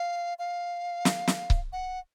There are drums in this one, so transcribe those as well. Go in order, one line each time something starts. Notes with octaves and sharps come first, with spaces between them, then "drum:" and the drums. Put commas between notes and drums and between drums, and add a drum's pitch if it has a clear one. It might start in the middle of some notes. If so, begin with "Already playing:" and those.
Already playing: F5
F5
drum: snare
drum: snare
drum: kick C#1
F#5